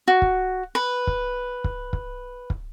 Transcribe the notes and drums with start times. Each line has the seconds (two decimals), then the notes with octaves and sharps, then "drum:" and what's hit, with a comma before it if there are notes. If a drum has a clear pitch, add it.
0.08 F#4
0.22 drum: kick
0.75 B4
1.07 drum: kick
1.64 drum: kick
1.93 drum: kick
2.50 drum: kick